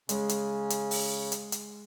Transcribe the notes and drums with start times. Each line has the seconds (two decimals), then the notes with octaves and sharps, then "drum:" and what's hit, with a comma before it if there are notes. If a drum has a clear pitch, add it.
0.09 C#3 G#3 C#4, drum: hi-hat
0.29 drum: hi-hat
0.70 drum: hi-hat
0.91 drum: open hi-hat
1.32 drum: hi-hat
1.52 drum: hi-hat